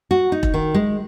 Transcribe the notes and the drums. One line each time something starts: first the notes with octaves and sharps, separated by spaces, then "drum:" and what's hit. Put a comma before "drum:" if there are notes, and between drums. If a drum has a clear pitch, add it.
F#4
D#4
drum: kick E1
D#3
G#3